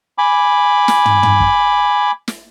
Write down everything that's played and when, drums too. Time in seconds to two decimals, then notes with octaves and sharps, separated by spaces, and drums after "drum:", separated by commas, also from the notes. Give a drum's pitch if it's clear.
0.18 G#5 B5 D6
0.88 drum: snare
1.05 drum: tom
1.23 drum: tom
1.40 drum: kick
2.28 drum: snare